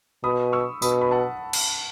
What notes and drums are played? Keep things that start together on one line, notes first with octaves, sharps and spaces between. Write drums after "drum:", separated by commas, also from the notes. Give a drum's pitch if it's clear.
B2 B5 D#6
C#6 E6
B2 B5 D#6, drum: tambourine
B5
F#5 A5
drum: cymbal